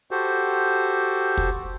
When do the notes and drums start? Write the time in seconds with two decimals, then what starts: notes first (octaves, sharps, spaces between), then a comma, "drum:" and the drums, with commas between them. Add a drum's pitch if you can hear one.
0.11 F#4 G4 A4 C5
1.37 drum: kick